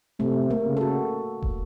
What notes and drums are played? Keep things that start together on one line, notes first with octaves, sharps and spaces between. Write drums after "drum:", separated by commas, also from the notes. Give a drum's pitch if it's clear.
C3 A3
A#3
C#3
A4
F#4
drum: kick